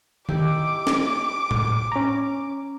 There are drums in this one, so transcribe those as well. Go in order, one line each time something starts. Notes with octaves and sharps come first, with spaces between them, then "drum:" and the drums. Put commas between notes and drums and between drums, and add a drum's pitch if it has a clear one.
D#4 E4 G4 D6, drum: tom D#3
drum: snare
drum: tom A2
C#4 A#5